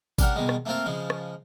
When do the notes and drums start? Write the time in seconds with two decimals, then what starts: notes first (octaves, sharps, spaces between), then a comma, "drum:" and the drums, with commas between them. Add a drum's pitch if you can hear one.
0.18 G3 C#4 D4 G4 A#4 F#5, drum: kick G#1, tambourine
0.36 B2 D#3 G3 G#3
0.49 drum: rim click
0.66 A3 A#3 C4 F4 A#4
0.86 C#3 F3 G#3
1.10 drum: rim click